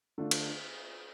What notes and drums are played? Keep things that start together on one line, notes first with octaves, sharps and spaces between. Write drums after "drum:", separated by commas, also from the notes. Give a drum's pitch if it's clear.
D3 A3 D4 F4
drum: cymbal